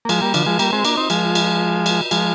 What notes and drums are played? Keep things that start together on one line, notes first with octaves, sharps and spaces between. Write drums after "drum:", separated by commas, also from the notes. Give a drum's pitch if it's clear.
A#3
F3 G#3, drum: cymbal
G3 A#3
D3 F3, drum: cymbal
F3 G#3
G3 A#3, drum: cymbal
G#3 C4
A#3 D4, drum: cymbal
C4 D#4
F3 G#3, drum: cymbal
drum: cymbal
drum: cymbal
F3 G#3, drum: cymbal